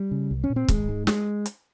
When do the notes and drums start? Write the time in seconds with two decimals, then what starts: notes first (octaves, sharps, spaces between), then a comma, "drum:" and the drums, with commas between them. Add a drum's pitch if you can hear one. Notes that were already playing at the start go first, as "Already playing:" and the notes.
Already playing: G3
0.11 C#3
0.31 C2
0.44 C#4
0.50 A#2
0.56 C4
0.68 G#1 G#3, drum: kick, hi-hat
0.89 G#2
1.07 G#3, drum: snare
1.46 drum: hi-hat